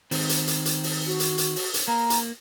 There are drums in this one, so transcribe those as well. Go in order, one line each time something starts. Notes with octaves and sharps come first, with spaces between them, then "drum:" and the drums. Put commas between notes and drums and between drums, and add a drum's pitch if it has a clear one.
D#3 C4, drum: open hi-hat
drum: hi-hat
drum: hi-hat
drum: hi-hat
drum: open hi-hat
F#4
drum: hi-hat
drum: hi-hat
drum: open hi-hat
drum: hi-hat
A#3 A#5
drum: hi-hat